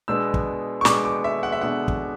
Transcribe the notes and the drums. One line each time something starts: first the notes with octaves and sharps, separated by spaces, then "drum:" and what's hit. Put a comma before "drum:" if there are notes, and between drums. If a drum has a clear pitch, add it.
B2 G#3 B3 D4 E6
drum: kick
C#6
B2 G#3 B3 D4 D6, drum: snare
D6
E5
F#5
E5
B2 G#3 B3 D4 F#5
drum: kick